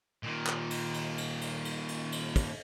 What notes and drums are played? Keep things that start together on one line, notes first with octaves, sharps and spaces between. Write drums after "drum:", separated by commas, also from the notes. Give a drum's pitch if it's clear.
A#2 D#3
drum: clap
drum: cymbal
drum: cymbal
drum: cymbal
drum: cymbal
drum: cymbal
drum: cymbal
drum: cymbal
drum: kick, cymbal